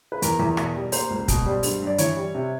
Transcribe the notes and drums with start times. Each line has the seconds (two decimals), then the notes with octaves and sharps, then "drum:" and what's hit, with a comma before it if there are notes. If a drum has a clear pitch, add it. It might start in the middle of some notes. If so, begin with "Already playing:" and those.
0.12 B4
0.22 E2 A#4, drum: hi-hat
0.40 E2
0.57 B2, drum: rim click
0.75 G3
0.92 A#3 C5, drum: open hi-hat
1.10 C#2
1.28 B2, drum: kick, hi-hat
1.46 G3
1.63 G2, drum: open hi-hat
1.82 G2
1.87 D5
1.98 E3 C#5, drum: hi-hat
2.16 G3
2.35 C3